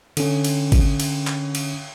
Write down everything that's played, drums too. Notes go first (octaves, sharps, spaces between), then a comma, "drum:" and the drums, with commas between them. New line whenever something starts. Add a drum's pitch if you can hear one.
D3 C#4, drum: cymbal
drum: cymbal
drum: kick, cymbal
drum: cymbal
drum: clap
drum: cymbal